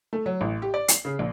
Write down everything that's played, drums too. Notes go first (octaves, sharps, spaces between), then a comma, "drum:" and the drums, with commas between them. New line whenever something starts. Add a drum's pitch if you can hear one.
A3
F#3
A1
G4
D5
C7, drum: hi-hat
C#3
A#1